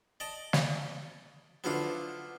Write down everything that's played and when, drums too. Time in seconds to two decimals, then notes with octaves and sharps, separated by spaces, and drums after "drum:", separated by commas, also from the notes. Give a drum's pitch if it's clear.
0.20 D5 D#5 A5
0.53 drum: snare
1.64 D3 F3 F#3 B3 E4 F4